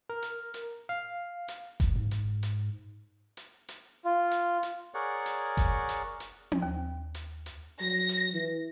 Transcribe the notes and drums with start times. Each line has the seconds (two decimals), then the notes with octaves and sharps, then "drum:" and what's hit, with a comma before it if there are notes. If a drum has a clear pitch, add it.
0.10 A#4
0.22 drum: hi-hat
0.54 drum: hi-hat
0.89 F5
1.48 drum: hi-hat
1.80 drum: kick F#1, hi-hat
1.96 G#2
2.11 drum: hi-hat
2.43 drum: hi-hat
3.37 drum: hi-hat
3.69 drum: hi-hat
4.05 F4
4.31 drum: hi-hat
4.63 drum: hi-hat
4.94 G#4 A#4 C#5 D5 F#5
5.26 drum: hi-hat
5.57 drum: kick F#1, hi-hat
5.89 drum: hi-hat
6.20 drum: hi-hat
6.52 drum: tom C4
6.62 D#2
7.15 drum: hi-hat
7.46 drum: hi-hat
7.81 F#3 A#6
8.09 drum: hi-hat
8.34 E3